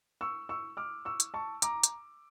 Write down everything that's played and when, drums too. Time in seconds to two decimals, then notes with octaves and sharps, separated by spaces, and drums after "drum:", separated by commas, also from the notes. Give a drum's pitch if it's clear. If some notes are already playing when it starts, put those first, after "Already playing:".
0.21 C#6 E6
0.49 C#6 E6
0.77 D6 F6
1.05 C#6 E6
1.20 drum: hi-hat
1.34 A5 C#6
1.62 A#5 D6, drum: hi-hat
1.84 drum: hi-hat